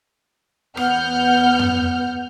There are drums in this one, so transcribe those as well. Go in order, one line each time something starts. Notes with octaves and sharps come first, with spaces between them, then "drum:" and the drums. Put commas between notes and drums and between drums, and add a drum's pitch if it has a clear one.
E2 B3 F#5 F6 G6, drum: rim click
drum: tom